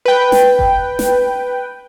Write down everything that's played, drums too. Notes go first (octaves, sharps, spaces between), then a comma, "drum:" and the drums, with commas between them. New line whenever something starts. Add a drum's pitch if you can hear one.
B4 G5
drum: snare
drum: kick F#1
drum: snare